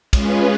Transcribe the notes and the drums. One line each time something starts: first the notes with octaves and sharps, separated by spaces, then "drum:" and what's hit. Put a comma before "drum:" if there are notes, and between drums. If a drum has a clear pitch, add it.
G#3 C#4 F4 G#4 B4, drum: kick, cymbal